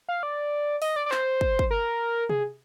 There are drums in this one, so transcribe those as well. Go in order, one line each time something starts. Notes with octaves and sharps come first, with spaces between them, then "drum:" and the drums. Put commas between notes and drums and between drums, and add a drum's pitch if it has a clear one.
F5
D5
D#5, drum: open hi-hat
D5
D5
C5, drum: clap
drum: kick
drum: kick
A#4
G#4, drum: tom C3